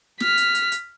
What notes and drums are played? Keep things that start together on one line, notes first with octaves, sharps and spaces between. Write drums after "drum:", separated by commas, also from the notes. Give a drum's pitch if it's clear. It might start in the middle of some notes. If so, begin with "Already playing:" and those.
F6 B6, drum: snare
drum: hi-hat
drum: hi-hat
drum: hi-hat